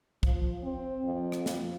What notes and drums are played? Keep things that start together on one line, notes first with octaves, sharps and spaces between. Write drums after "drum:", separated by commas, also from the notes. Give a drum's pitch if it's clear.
F3, drum: kick
C4
F2
drum: rim click
F3, drum: snare